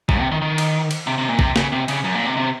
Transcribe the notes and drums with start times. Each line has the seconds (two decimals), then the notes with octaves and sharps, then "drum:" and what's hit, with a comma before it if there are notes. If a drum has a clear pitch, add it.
0.09 F#2, drum: kick
0.20 C3
0.32 D#3
0.42 D#3
0.58 drum: cymbal
0.91 drum: cymbal
1.07 C3
1.18 C3
1.29 A#2
1.39 C3, drum: kick
1.56 C#3, drum: snare
1.72 C3
1.88 C#3, drum: cymbal
2.04 F#2
2.15 A#2
2.26 C3
2.37 C3